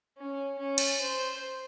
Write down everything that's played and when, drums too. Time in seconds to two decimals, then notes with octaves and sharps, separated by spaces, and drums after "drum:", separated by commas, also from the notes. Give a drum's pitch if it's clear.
0.18 C#4
0.58 C#4
0.78 drum: cymbal
1.00 C5